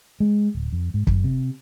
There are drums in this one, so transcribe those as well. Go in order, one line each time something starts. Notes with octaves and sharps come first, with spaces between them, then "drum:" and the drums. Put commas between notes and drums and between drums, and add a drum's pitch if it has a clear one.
G#3
D1
F2
G#2
F#2, drum: kick
C3